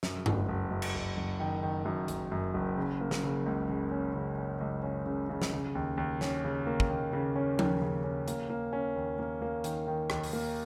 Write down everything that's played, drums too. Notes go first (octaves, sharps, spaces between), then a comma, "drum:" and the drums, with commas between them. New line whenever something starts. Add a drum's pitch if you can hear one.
F#2, drum: snare
F#1, drum: tom G2
F#1
F#2
drum: cymbal
F#1
F#1
D#3
D#3
F#2
F#1, drum: hi-hat
F#2
F#1
C#3
A#3
drum: snare
C#3
C#2
C#3
C#4
C#3
C#4
C#2
C#4
C#3
C#3
drum: snare
C#3
D#2
D#2
C#4, drum: snare
C#3
A#3
drum: kick
D#2
C#3
C#4
D#2, drum: tom F3
C#3
C#4
A#3, drum: hi-hat
A#3
C#4
D#2
A#3
A#3
D#3, drum: hi-hat
D#3
D#2, drum: rim click
drum: open hi-hat
A#3